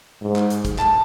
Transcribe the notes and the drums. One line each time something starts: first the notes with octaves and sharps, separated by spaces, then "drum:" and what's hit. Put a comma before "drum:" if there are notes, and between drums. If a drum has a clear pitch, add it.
G#2
drum: clap
drum: hi-hat
drum: kick, hi-hat
A5, drum: clap